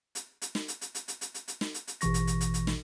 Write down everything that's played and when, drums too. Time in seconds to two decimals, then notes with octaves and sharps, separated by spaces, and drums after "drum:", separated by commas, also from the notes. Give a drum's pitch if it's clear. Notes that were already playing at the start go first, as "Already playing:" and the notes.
0.15 drum: hi-hat
0.42 drum: hi-hat
0.55 drum: snare
0.68 drum: hi-hat
0.81 drum: hi-hat
0.95 drum: hi-hat
1.08 drum: hi-hat
1.21 drum: hi-hat
1.34 drum: hi-hat
1.48 drum: hi-hat
1.61 drum: snare
1.74 drum: hi-hat
1.88 drum: hi-hat
2.01 A1 B2 E3 C#6 A#6, drum: hi-hat
2.14 drum: hi-hat
2.27 drum: hi-hat
2.41 drum: hi-hat
2.54 drum: hi-hat
2.67 drum: snare